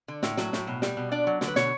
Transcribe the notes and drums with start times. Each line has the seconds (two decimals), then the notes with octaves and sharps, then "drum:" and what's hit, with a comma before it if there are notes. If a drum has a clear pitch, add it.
0.08 D3
0.23 A2, drum: snare
0.37 F#3, drum: snare
0.53 A2, drum: snare
0.67 B2
0.82 G3, drum: snare
0.97 B2
1.12 D4 D5
1.27 F#3
1.41 D3, drum: snare
1.48 B4
1.56 B2 C#5, drum: snare